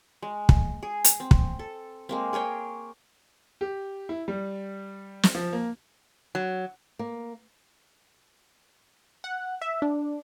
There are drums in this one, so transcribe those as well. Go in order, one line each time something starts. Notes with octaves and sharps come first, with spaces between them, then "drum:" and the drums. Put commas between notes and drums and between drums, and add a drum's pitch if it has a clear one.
G#3
drum: kick
G#4
drum: hi-hat
C4
drum: kick
A4
G#3 A#3 C4
G#4 A#4 C#5 G5
G4
E4
G3
drum: snare
F3
A#3
F#3
A#3
F#5
E5
D4